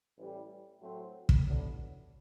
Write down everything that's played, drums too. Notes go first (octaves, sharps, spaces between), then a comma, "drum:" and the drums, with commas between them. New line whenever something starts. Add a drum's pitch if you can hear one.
A1 A2 E3 G3
A2 F#3 A3 C4
drum: kick
A1 A2 F#3 B3 D4